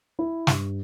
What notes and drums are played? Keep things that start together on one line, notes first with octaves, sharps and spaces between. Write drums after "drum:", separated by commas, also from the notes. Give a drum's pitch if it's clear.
E4
G2, drum: snare